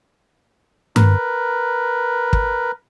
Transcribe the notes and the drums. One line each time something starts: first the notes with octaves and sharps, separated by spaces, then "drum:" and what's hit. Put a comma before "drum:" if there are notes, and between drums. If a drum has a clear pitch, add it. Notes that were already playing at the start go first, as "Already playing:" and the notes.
A#4 B4, drum: tom G2
drum: kick